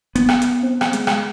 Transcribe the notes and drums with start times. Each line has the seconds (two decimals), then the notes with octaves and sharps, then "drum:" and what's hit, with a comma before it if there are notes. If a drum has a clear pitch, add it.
0.15 B3, drum: hi-hat
0.29 drum: rim click
0.42 drum: hi-hat
0.63 C4
0.81 drum: rim click
0.93 G#3, drum: hi-hat
1.07 drum: rim click